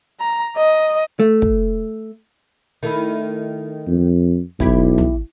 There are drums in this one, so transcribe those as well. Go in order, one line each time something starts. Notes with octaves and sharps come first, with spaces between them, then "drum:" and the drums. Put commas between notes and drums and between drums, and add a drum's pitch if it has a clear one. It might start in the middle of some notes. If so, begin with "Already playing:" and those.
A#5
D#5
A3
drum: kick
D#3 A3 E4
F2
B1 E2 E4 G4, drum: kick
drum: tom